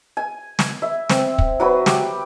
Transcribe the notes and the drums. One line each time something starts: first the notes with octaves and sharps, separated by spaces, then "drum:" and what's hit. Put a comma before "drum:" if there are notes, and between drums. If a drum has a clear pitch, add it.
G#5
drum: snare
E5
C4, drum: snare
drum: kick
F#3 F#4 B4
G4, drum: snare